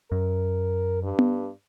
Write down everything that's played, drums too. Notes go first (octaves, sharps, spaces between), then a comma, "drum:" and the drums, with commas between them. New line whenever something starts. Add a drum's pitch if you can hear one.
F#2 A#4
G2
drum: tom B3